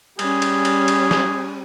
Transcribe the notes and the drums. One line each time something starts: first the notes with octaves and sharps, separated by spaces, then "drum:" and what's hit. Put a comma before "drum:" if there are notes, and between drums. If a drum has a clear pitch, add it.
G3 C#4 G#4, drum: cymbal
drum: cymbal
drum: cymbal
drum: cymbal
drum: snare